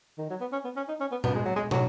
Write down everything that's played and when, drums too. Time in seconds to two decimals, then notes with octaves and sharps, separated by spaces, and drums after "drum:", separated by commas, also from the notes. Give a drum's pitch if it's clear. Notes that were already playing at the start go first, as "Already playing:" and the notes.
0.18 D#3
0.30 F#3
0.41 B3
0.52 C#4
0.65 B3
0.77 C#4
0.88 D#4
1.00 C#4
1.12 B3
1.24 B3, drum: tom A#2
1.35 G#3
1.45 F#3
1.56 G#3
1.71 F#3, drum: tom